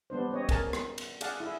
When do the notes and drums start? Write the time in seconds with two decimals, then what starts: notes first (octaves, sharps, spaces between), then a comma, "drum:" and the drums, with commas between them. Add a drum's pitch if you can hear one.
0.10 G3 B3 D4 C5
0.31 C4 C#4 C#5 D#5
0.49 G#4 A#4 G#5 A5, drum: kick, cymbal
0.73 drum: rim click
0.98 drum: cymbal
1.21 G#4 D5 F5 F#5 A5, drum: cymbal
1.40 E4 G#4 E5